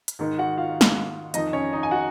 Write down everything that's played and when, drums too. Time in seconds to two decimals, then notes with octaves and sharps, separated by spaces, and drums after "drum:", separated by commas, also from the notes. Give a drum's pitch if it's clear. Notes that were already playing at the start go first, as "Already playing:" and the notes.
0.08 drum: hi-hat
0.19 G#2 D#3
0.38 F#4 F#5
0.58 F4 F5
0.81 drum: snare
1.34 F2 D#3 D#4 D#5, drum: hi-hat
1.53 C#4 C#5
1.72 D#4 D#5
1.83 G#5
1.91 F#4 F#5